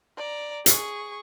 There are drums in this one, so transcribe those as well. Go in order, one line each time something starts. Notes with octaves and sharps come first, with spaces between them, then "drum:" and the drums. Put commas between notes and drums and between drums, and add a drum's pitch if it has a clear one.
D5 A#5
G#4 C#6, drum: hi-hat